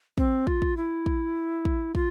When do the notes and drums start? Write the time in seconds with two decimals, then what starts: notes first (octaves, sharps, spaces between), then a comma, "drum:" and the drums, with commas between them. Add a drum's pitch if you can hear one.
0.18 C4, drum: kick
0.47 F4, drum: kick
0.62 drum: kick
0.77 E4
1.06 drum: kick
1.65 drum: kick
1.95 F4, drum: kick